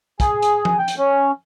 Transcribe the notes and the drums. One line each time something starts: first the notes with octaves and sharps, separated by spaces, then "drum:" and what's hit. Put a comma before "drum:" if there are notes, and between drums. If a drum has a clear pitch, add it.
G#4, drum: kick, hi-hat
drum: hi-hat
drum: tom F3
G5
drum: hi-hat
C#4